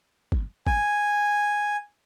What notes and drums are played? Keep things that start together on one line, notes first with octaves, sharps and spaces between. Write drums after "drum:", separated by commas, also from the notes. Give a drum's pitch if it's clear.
drum: kick G1
G#5, drum: kick G1